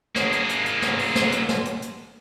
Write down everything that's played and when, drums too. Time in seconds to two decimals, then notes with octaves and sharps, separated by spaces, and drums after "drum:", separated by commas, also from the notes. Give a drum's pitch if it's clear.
0.16 A#3 G#4, drum: snare
0.32 drum: hi-hat
0.49 drum: hi-hat
0.66 drum: hi-hat
0.82 drum: snare
0.99 drum: open hi-hat
1.15 drum: snare
1.32 drum: hi-hat
1.49 drum: snare
1.65 drum: hi-hat
1.82 drum: hi-hat